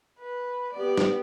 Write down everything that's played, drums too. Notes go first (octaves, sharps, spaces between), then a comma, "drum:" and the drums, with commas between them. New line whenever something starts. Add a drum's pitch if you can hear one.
B4
B3 G4 D5
drum: snare